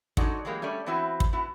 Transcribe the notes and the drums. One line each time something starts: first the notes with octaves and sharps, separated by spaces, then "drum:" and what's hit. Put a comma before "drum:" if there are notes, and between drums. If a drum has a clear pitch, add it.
F#3 G#3 D#4 F#4 A4 D5, drum: kick
E3 F#3 G#3 A#3 G4
G3 A3 C#4 D5
E3 B3 C4 E4 F#4
drum: kick
B3 E4 F#4